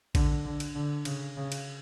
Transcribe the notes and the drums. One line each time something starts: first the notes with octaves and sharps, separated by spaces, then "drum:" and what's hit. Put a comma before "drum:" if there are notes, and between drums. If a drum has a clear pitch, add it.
D3, drum: kick A#1, cymbal
D3
drum: cymbal
D3
C#3, drum: cymbal
C#3
drum: cymbal